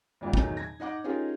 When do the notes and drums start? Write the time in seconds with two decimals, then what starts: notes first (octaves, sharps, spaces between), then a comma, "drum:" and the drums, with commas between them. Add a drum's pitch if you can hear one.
0.21 G#1 F2 G#2
0.33 E2 D#3 F#3 A3 D#4, drum: kick
0.57 G#6 A#6
0.80 D#4 D#5 F#5 D6
1.04 C#4 D#4 F4 G4 G#4 A#4